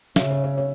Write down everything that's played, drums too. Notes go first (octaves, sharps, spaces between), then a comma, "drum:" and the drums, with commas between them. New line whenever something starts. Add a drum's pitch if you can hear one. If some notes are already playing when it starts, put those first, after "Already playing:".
C#3 E5, drum: snare
C#5
C#5
C#5